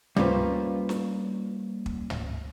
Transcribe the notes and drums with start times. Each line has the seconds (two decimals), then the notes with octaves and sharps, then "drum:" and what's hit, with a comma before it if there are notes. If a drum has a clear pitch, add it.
0.16 G3 A#3 C#4 F4 B4 C5, drum: tom
0.89 drum: snare
1.86 drum: kick
2.10 drum: tom